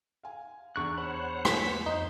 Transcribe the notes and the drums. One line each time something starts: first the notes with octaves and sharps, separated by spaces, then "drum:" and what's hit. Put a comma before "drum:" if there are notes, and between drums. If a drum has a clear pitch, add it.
F5 G#5
E2 D4 A#5 C#6 F#6
C5 C#5 F#5 B5 F#6
B6, drum: rim click
F2 D#4 C5 G6